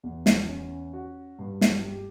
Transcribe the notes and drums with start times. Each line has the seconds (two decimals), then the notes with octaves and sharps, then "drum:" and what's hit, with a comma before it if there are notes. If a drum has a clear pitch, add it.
0.03 E2
0.26 drum: snare
0.48 C#4
0.93 F#4
1.39 G2
1.61 drum: snare
1.84 G4